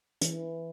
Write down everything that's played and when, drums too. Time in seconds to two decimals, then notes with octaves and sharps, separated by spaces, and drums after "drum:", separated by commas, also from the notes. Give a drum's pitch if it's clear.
0.21 E3, drum: hi-hat